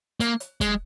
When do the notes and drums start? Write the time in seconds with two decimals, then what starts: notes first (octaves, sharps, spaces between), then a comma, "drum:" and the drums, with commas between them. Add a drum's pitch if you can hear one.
0.20 A#3, drum: hi-hat
0.40 drum: hi-hat
0.61 G#3, drum: kick, hi-hat